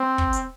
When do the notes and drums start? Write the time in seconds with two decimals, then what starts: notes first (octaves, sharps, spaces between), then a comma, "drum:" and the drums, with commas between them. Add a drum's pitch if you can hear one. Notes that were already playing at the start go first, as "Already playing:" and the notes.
Already playing: C4
0.18 drum: kick
0.33 drum: hi-hat